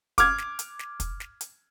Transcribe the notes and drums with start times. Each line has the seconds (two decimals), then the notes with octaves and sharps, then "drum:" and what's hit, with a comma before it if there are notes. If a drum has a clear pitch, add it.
0.18 D6 F6 G#6, drum: kick, hi-hat
0.38 drum: snare
0.59 drum: hi-hat
0.79 drum: snare
1.00 drum: kick, hi-hat
1.20 drum: snare
1.41 drum: hi-hat